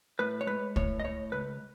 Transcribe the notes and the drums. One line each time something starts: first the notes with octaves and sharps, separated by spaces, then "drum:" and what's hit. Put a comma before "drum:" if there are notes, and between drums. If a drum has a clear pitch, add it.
A2 B4
C#5
G#3 B4
A2 C#5, drum: kick
D#5
A2 C#5
C#2 B4